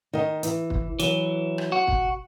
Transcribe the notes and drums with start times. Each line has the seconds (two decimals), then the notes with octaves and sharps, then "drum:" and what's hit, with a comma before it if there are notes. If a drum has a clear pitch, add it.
0.13 D#3 D#5
0.43 E3, drum: hi-hat
0.70 drum: kick
0.99 E3 F#3 B4, drum: hi-hat
1.58 drum: rim click
1.72 F#4
1.87 drum: kick